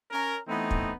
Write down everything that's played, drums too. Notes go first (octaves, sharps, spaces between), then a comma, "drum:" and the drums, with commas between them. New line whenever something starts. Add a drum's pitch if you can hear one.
C#4 A#4
E3 A3 B3 C4 D#4
drum: kick